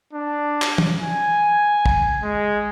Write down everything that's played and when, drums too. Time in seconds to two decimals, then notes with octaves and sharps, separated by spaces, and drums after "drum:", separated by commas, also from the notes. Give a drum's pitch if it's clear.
0.13 D4
0.62 drum: clap
0.78 drum: tom
1.00 G#5
1.86 drum: kick
2.23 G#3